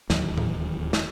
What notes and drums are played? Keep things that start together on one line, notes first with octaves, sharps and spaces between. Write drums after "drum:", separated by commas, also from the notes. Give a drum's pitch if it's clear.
D1 D#2 E3 F#3, drum: snare
drum: tom A2
drum: snare